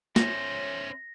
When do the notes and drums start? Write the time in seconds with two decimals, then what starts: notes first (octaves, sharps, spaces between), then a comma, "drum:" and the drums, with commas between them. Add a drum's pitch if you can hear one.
0.16 C#4 C5 C#5 E5 A#6, drum: snare